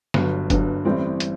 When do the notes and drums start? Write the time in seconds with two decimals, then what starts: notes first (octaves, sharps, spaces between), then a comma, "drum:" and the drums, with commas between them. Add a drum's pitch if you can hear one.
0.14 G1 G2 F#3, drum: snare
0.50 G1 G2 F#3, drum: kick F1, hi-hat
0.85 A1 A2 G3 C4
1.20 drum: hi-hat